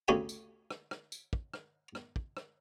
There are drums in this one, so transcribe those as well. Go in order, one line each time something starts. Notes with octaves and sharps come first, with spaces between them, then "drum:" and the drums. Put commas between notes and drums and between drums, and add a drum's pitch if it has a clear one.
D2 C#3 C#4 G4 G#5
drum: tambourine
drum: rim click
drum: rim click
drum: tambourine
drum: kick
drum: rim click
drum: rim click
drum: kick
drum: rim click